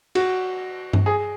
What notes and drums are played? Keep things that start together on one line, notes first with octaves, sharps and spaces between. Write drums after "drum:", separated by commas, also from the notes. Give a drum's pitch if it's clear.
F#4, drum: cymbal
drum: tom G2
G#4